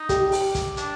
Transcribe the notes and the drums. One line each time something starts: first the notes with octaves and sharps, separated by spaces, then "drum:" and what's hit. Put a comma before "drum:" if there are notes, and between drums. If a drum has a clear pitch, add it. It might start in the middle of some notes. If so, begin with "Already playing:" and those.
Already playing: D#4
G4, drum: kick, hi-hat
drum: open hi-hat
drum: kick, hi-hat
D4, drum: hi-hat